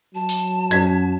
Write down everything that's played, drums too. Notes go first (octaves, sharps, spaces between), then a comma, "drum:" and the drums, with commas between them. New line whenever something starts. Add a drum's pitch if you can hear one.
F#3 A5
drum: open hi-hat
F#2 G#6 B6, drum: hi-hat